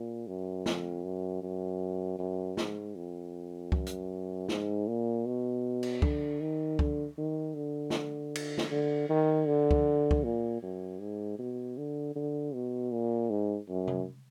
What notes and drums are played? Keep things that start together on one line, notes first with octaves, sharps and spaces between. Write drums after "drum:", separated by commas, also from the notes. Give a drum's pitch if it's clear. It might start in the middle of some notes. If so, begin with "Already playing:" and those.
Already playing: A#2
F#2
F2, drum: snare
F#2
F#2
F#2
G#2, drum: snare
F2
F#2, drum: kick C#2
drum: hi-hat
G#2, drum: snare
A#2
B2
drum: cymbal
D3, drum: kick C#2
D#3
D3, drum: kick C#2
D#3
D3
drum: snare
drum: cymbal
drum: snare
D3
D#3
D3
drum: kick C#2
drum: kick C#2
A#2
F#2
G#2
B2
D3
D3
B2
A#2
G#2
F#2
drum: tom C3